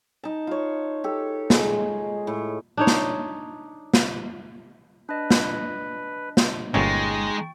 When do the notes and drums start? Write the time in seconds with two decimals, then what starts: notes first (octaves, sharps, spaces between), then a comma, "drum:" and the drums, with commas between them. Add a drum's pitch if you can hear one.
0.24 D#4 A5
0.47 F4 C#5
1.04 G4 A4
1.50 G#3, drum: snare
2.27 A2
2.77 D4 D#4 C#5
2.87 drum: snare
3.94 drum: snare
5.09 D4 B4 D#5
5.30 drum: snare
6.37 drum: snare
6.74 G1 A#2 G#3 C#4 D#4 G5 C#6 A6